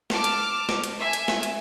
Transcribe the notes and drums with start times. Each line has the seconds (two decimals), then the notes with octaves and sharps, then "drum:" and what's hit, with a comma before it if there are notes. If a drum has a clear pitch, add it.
0.10 A5 D6 F6, drum: snare
0.24 drum: hi-hat
0.69 drum: snare
0.84 drum: hi-hat
0.98 E5 G#5
1.13 drum: hi-hat
1.28 drum: snare
1.43 drum: hi-hat